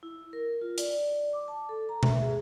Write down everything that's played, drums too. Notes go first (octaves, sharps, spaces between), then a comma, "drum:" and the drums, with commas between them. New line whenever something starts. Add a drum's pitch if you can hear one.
E4
A#4
F4
D5, drum: hi-hat
D6
A5
A4
A#5
E5, drum: tom B2
G#4